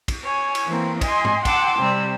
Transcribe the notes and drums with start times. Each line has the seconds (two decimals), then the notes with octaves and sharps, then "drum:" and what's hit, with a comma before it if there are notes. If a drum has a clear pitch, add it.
0.08 drum: kick, cymbal
0.24 C#5 G#5
0.55 drum: cymbal
0.66 E3 A#3 C4
1.01 D#5 G#5 C6, drum: kick, cymbal
1.25 drum: tom G#2
1.45 F#5 G5 A5 C6 D6 E6, drum: kick, cymbal
1.80 C3 G3 C4 E6